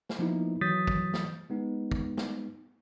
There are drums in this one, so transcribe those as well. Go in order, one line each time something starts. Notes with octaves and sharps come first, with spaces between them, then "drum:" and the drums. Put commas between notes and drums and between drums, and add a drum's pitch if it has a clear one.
drum: snare
F3 A#3 B3 D#4 E4
E3 F#3 D#6 G6 A6 B6
drum: kick
drum: snare
G#3 B3 D#4
drum: kick
drum: snare